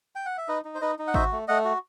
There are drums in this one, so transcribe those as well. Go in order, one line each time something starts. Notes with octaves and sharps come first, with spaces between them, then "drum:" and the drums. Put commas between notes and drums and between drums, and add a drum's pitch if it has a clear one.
G5
F#5
E5
D#4 B4 D#5
D#4
C5
D#4 B4 D#5
D#4
F#5
F#4 C5 E5, drum: kick G#1
A3
A3 D#5 F#5
F#4